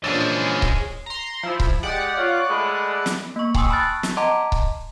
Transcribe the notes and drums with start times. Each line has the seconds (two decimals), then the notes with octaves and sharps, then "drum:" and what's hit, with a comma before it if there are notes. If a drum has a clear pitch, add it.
0.04 A#2 E3 F3 C#4 D4 G#4 D#5 A6
0.62 drum: kick C#1
1.06 A#5 C6
1.43 F3 E4
1.60 drum: kick C#1
1.83 G#3 G4 D5 F#5
2.16 F4 C#5
2.49 G#3 A3 B5
3.06 drum: snare
3.36 A#3 C#6
3.55 G5 G#5 C6 C#6 D#6 E6, drum: kick C#1
3.69 A5 B5 C#6 F6 F#6 A6
4.03 drum: snare
4.17 D#5 F#5 A5 A#5 C6 D6
4.52 drum: kick C#1